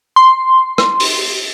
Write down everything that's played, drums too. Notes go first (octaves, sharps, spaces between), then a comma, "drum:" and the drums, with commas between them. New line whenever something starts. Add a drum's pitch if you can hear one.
C6
drum: rim click
drum: open hi-hat